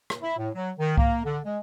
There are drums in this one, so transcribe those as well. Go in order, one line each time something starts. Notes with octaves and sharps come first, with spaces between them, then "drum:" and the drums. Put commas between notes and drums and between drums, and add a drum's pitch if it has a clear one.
drum: rim click
E4
A2
F#3
D#3
A#3, drum: kick C2
D3
G#3